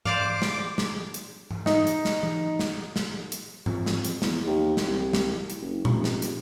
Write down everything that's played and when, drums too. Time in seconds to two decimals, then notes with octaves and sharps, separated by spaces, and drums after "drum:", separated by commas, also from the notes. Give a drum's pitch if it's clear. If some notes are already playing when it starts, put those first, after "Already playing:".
0.05 C5 D5 F5 D6, drum: tom G#2
0.42 drum: snare
0.78 drum: snare
1.14 drum: hi-hat
1.51 drum: tom G#2
1.66 D#4, drum: snare
1.87 drum: hi-hat
2.05 drum: snare
2.23 drum: tom E3
2.59 drum: snare
2.96 drum: snare
3.32 drum: hi-hat
3.66 F2, drum: tom G#2
3.86 drum: snare
4.05 drum: hi-hat
4.22 E2, drum: snare
4.46 D#2
4.77 drum: snare
4.87 C2
5.13 drum: snare
5.50 drum: hi-hat
5.61 F#1
5.85 F1, drum: tom A#2
6.04 drum: snare
6.22 drum: hi-hat